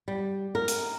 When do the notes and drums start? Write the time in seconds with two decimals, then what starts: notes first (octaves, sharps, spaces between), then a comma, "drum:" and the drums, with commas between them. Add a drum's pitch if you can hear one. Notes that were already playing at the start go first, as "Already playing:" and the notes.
0.08 G3
0.55 A#4
0.68 drum: hi-hat